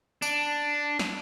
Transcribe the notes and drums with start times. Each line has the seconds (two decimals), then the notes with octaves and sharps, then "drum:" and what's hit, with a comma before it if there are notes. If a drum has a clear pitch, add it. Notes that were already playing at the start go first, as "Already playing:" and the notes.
0.22 D4, drum: tambourine
0.99 drum: snare